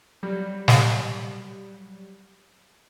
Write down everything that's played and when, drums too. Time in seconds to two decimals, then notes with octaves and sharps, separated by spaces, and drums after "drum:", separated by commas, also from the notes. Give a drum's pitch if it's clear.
0.23 F#3 G3
0.68 drum: snare